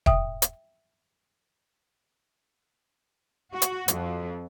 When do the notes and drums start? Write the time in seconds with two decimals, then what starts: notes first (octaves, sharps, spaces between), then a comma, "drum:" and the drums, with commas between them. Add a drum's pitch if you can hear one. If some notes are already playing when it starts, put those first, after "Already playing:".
0.06 E5 G5 D#6, drum: kick
0.42 drum: hi-hat
3.52 F#4
3.62 drum: hi-hat
3.88 F2, drum: hi-hat